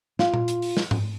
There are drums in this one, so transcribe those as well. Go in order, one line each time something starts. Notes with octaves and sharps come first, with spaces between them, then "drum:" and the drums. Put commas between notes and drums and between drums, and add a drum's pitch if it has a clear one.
F4, drum: snare
drum: tom A#2
drum: hi-hat
drum: open hi-hat
drum: snare
drum: tom G#2